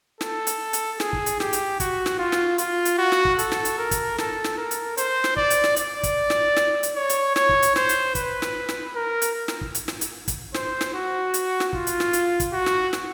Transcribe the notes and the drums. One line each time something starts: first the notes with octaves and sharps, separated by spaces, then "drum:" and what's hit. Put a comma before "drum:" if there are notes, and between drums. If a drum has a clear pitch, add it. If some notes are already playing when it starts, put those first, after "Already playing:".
A4, drum: snare
drum: hi-hat
drum: hi-hat
G#4, drum: snare
drum: kick
drum: hi-hat
G4, drum: snare
drum: hi-hat
F#4, drum: kick, hi-hat
drum: snare
F4
drum: snare
F4, drum: hi-hat
drum: hi-hat
F#4
drum: snare
drum: kick
A4, drum: hi-hat
drum: snare
drum: hi-hat
A#4
drum: kick, hi-hat
A4, drum: snare
drum: snare
A#4
drum: hi-hat
C5, drum: hi-hat
drum: snare
D5, drum: kick
drum: hi-hat
drum: snare
D5, drum: hi-hat
drum: kick, hi-hat
drum: snare
drum: snare
drum: hi-hat
C#5
drum: hi-hat
C#5, drum: snare
drum: kick
drum: hi-hat
C5, drum: snare
drum: hi-hat
B4, drum: kick, hi-hat
drum: snare
drum: snare
A#4
drum: hi-hat
drum: snare
drum: kick
drum: hi-hat
drum: snare
drum: hi-hat
drum: kick, hi-hat
C5, drum: snare
drum: snare
F#4
drum: hi-hat
drum: snare
F4, drum: kick
drum: hi-hat
drum: snare
drum: hi-hat
drum: kick, hi-hat
F#4
drum: snare
drum: snare